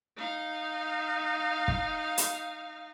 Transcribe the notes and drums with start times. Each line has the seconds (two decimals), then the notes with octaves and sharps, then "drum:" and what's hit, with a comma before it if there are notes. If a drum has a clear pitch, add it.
0.17 D#4 F5
1.68 drum: kick
2.18 drum: hi-hat